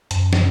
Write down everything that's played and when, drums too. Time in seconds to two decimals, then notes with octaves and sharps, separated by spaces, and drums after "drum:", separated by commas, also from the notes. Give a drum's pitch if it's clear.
0.11 F#2, drum: hi-hat
0.33 drum: snare